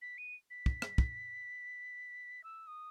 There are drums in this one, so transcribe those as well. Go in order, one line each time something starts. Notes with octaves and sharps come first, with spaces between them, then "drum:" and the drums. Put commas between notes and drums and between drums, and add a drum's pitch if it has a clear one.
B6
D#7
B6
drum: kick
drum: rim click
drum: kick
E6
D#6